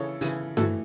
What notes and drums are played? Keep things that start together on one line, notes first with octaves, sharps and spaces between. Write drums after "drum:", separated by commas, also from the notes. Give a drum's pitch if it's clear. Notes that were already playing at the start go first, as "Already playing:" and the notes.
Already playing: C#3 E3 A4 C#5
C#3 E3, drum: open hi-hat
A2 E3 F#4 A4, drum: tom G2